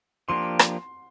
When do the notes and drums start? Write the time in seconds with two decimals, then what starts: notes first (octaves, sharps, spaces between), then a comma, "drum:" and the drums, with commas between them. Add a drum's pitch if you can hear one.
0.29 F3 A#3 D4 G4 C6
0.59 drum: rim click